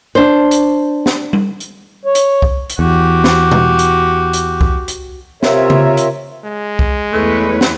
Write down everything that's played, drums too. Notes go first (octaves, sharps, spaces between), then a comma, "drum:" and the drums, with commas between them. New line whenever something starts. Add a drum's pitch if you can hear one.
D4 C5
drum: hi-hat
drum: snare
drum: tom G3
drum: hi-hat
C#5
drum: hi-hat
drum: kick C2
drum: hi-hat
E2 F#4 G4
drum: snare
drum: tom B2
drum: hi-hat
drum: hi-hat
drum: kick C2
drum: hi-hat
C3 F4 A#4 C#5 E5, drum: snare
drum: tom C#3
drum: hi-hat
G#3
drum: kick C2
E2 A3 B4 C#5
drum: snare